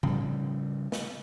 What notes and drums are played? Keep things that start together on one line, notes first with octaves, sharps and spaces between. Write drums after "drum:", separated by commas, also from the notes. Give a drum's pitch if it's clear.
C#3 F3 G3, drum: tom A2
drum: snare